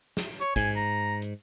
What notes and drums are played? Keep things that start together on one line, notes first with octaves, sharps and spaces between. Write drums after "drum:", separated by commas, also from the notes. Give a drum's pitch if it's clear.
drum: snare
C#5
G#2 G#5, drum: kick
A#5
drum: hi-hat